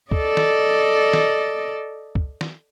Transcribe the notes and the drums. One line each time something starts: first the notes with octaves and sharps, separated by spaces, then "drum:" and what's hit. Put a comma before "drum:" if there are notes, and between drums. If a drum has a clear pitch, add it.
A4 D5 D#5, drum: kick C#2
drum: snare
drum: snare
drum: kick C#2
drum: snare